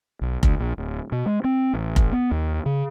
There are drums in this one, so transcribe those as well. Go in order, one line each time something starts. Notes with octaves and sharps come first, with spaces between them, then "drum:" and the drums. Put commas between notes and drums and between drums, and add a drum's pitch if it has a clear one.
B1
D2, drum: kick F1
A#1
D1
B2
G#3
C4
A1
drum: kick F1
B3
D#2
C#3